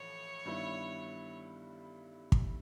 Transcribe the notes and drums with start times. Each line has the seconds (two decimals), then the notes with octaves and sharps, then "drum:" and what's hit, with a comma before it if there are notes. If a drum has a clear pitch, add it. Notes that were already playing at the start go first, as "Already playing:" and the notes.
Already playing: A1 A2 F3 C#5
0.45 G2 D#3 G3 B3 E4
2.32 drum: kick